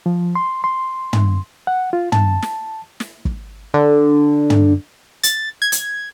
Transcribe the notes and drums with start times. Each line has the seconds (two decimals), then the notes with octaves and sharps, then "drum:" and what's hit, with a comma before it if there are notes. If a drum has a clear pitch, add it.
0.06 F3
0.35 C6
0.64 C6
1.13 drum: tom
1.67 F#5
1.93 F4
2.12 A5, drum: tom
2.42 drum: snare
3.00 drum: snare
3.25 drum: kick
3.74 D3
4.50 drum: tom
5.23 A6, drum: hi-hat
5.62 G#6
5.72 drum: hi-hat